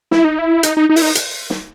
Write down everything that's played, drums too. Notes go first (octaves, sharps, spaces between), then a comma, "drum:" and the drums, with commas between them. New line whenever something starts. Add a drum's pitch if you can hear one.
E4, drum: snare
D#4
E4
D#4, drum: hi-hat
D#4
D#4
E4, drum: open hi-hat
D#4
drum: hi-hat
drum: snare